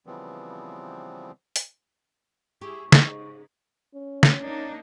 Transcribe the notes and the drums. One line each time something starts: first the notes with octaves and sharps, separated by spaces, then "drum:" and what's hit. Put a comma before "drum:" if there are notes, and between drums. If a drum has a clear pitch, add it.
C#3 E3 F3 G3 B3 C4
drum: open hi-hat
E4 G4 G#4 C#6
G#2 C#3 D#4 G#4, drum: snare
C#4
drum: snare
A#3 D4 D#4